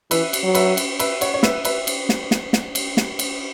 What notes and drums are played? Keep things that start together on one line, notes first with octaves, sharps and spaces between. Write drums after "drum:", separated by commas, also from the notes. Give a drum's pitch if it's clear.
E3 B4 E5, drum: cymbal
drum: cymbal
F#3
B4 E5, drum: cymbal
drum: cymbal
B4 E5, drum: cymbal
C#5 F#5, drum: cymbal
C#5
B4 E5, drum: snare
B4 E5, drum: cymbal
drum: cymbal
drum: snare
drum: snare
drum: snare
drum: cymbal
drum: snare
drum: cymbal